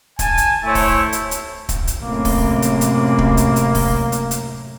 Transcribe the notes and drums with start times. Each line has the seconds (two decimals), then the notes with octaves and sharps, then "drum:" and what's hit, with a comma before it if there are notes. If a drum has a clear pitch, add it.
0.19 G#5 A5, drum: kick, hi-hat
0.38 drum: hi-hat
0.64 A3 E4 C5 C#5
0.75 drum: kick, open hi-hat
1.12 drum: hi-hat
1.31 drum: hi-hat
1.69 drum: kick, hi-hat
1.87 drum: hi-hat
2.02 F#2 A2 C3 A#3
2.25 drum: kick, open hi-hat
2.62 drum: hi-hat
2.81 drum: hi-hat
3.18 drum: kick
3.37 drum: hi-hat
3.56 drum: hi-hat
3.75 drum: kick, open hi-hat
4.12 drum: hi-hat
4.31 drum: hi-hat